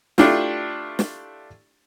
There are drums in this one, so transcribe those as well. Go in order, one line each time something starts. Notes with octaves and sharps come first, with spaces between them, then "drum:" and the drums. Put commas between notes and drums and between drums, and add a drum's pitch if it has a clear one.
A3 D4 E4 F4 G4, drum: snare
drum: snare